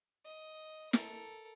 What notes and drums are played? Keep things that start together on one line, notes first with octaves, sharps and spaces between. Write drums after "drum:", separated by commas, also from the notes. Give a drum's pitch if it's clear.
D#5
A4 A#4, drum: snare